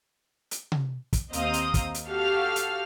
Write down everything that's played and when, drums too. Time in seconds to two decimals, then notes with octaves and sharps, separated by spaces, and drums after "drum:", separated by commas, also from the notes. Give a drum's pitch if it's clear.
0.51 drum: hi-hat
0.72 drum: tom C3
1.13 drum: kick, hi-hat
1.33 D#2 C4 D#5 F5 A#5 D#6, drum: hi-hat
1.54 drum: hi-hat
1.74 drum: kick, hi-hat
1.94 drum: hi-hat
2.06 F#4 G4 A4 F5 F6
2.56 drum: hi-hat